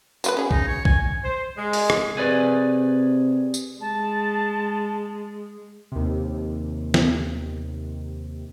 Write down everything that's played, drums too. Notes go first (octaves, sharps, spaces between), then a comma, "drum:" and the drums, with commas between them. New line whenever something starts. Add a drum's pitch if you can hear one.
F#3 F4 B4, drum: tambourine
C#4 G#4
D#4, drum: kick A#1
C#5
G#5, drum: kick A#1
C5
G#3
drum: open hi-hat
drum: rim click
C3 G#4 B4 D5
drum: tambourine
G#3 A5
D#2 C3
drum: snare